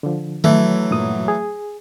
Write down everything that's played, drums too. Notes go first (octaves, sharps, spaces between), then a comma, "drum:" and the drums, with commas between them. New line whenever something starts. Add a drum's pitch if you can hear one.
D3 F3
E3 F#3 A3, drum: tom D#3
G2 A#2 D#6
G#4